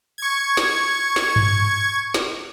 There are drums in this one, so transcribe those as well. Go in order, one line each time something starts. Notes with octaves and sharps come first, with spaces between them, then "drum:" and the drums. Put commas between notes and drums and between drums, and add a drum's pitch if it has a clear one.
C#6 G#6
drum: snare
drum: snare
drum: tom G2
drum: snare